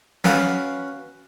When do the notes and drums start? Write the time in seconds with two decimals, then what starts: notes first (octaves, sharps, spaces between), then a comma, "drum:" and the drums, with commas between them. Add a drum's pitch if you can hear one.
0.24 C#4 F#4 B4 F5, drum: snare